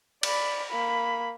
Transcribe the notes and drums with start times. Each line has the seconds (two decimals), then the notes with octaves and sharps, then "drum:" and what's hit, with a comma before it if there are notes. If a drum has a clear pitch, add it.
0.23 D5 B5, drum: cymbal
0.70 A#3 B5